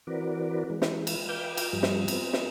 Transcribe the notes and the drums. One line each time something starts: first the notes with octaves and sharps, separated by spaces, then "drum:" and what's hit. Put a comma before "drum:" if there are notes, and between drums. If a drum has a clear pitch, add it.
E3 C4 F#4 A#4 B4 D5
E3 G#3
drum: snare
drum: cymbal
B4 F5 G5 D6 G6
drum: cymbal
G2 F3 G3
drum: snare
B3 C4, drum: cymbal
drum: snare